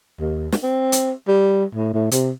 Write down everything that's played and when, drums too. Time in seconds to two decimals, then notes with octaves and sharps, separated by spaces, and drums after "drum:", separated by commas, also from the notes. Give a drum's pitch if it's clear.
0.20 D#2
0.52 drum: snare
0.63 C4
0.92 drum: hi-hat
1.28 G3
1.75 A2
1.93 A2
2.11 C3, drum: hi-hat